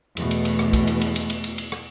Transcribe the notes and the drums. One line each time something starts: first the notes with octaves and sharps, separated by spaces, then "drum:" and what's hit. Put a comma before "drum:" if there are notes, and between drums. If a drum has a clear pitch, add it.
E2 B2 A3, drum: cymbal
drum: cymbal
drum: cymbal
drum: rim click
drum: kick, cymbal
drum: cymbal
drum: cymbal
drum: cymbal
drum: cymbal
drum: cymbal
drum: cymbal
drum: rim click